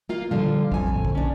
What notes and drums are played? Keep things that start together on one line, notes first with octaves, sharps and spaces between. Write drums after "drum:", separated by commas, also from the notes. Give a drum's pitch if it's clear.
A#3 F4 F5
A#2 D3 F3 G3 F4
F2 G#5, drum: kick A#1
A#2 D3
drum: kick A#1
C#4 D4